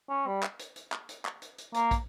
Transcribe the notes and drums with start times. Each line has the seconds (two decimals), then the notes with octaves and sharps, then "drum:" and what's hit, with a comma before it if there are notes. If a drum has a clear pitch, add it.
0.09 C#4
0.27 G3
0.43 drum: clap
0.59 drum: hi-hat
0.76 drum: hi-hat
0.92 drum: clap
1.09 drum: hi-hat
1.25 drum: clap
1.42 drum: hi-hat
1.58 drum: hi-hat
1.74 A#3, drum: hi-hat
1.91 drum: kick, hi-hat